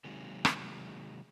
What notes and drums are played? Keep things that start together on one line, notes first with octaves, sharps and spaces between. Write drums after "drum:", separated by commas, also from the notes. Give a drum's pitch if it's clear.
C3 D#3 F#3 G#3 A#3
drum: rim click